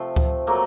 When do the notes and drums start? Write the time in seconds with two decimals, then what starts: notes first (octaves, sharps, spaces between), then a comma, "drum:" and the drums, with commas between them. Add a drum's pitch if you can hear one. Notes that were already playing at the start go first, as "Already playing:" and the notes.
Already playing: C3 F3 A3
0.16 drum: kick C#2
0.47 A#2 F#3 A3 A#3